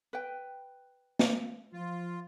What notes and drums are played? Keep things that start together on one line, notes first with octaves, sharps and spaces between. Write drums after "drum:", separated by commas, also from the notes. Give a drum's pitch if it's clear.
B4 G5
drum: snare
F3 F4